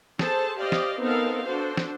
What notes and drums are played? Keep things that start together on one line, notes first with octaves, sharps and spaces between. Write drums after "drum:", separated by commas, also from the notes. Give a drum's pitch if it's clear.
G#4 A4 C5 A5, drum: snare
G4 C5 D5 D#5 F5
drum: snare
B3 C4 D#4 A4 A#4 F5
D4 F#4 A4 C5
drum: snare